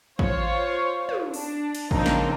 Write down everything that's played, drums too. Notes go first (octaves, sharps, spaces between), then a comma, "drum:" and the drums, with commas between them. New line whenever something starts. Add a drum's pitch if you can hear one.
F4 C5 C#5 F5, drum: kick A1
drum: tom
D4, drum: open hi-hat
drum: cymbal
C#3 F3 A#3 C4 D4 D#4, drum: kick A1
drum: snare